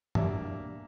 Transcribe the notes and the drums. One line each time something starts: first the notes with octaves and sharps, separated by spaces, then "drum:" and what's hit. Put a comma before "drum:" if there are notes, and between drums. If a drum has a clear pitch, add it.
B2 G3 A#3 D4 E5, drum: tom